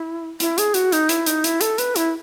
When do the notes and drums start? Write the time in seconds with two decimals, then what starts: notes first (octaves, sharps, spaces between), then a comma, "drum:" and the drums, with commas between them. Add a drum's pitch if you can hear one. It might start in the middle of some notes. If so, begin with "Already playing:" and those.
Already playing: E4
0.40 E4, drum: hi-hat
0.58 G#4, drum: hi-hat
0.74 F#4, drum: hi-hat
0.92 D#4, drum: hi-hat
1.09 E4, drum: hi-hat
1.26 D#4, drum: hi-hat
1.44 E4, drum: hi-hat
1.61 A4, drum: hi-hat
1.78 B4, drum: hi-hat
1.96 E4, drum: hi-hat